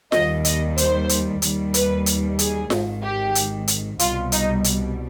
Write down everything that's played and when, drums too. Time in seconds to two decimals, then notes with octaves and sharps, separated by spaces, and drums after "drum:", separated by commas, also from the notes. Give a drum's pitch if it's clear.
0.12 D#2 D#3 G3 D#5, drum: snare F4
0.45 D#5, drum: hi-hat
0.78 C5, drum: hi-hat
1.09 drum: hi-hat
1.42 D#2 D#3 G3, drum: hi-hat
1.74 B4, drum: hi-hat
2.06 drum: hi-hat
2.39 G#4, drum: hi-hat
2.70 G#1 G#2 D#3, drum: snare F4
3.03 G4
3.35 drum: hi-hat
3.68 drum: hi-hat
3.99 C2 B2 G3 F4, drum: hi-hat
4.32 D#4, drum: hi-hat
4.64 drum: hi-hat